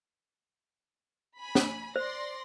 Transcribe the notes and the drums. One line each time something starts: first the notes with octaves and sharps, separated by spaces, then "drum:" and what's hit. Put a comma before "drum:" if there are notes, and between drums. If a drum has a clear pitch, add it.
G#5 B5
drum: snare
C5 D5 C6 A#6